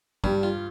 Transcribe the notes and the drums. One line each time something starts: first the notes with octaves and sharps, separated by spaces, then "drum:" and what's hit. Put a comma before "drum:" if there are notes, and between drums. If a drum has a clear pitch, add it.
G2 G3, drum: kick
F4